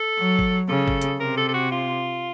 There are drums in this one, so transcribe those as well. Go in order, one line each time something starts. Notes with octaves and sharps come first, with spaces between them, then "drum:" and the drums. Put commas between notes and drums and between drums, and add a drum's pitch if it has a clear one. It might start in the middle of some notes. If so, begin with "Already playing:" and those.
Already playing: A4
F#3
drum: kick G1
C#3 A4
drum: kick G1
drum: hi-hat
C3 A#4
A4
A4
F#4
F4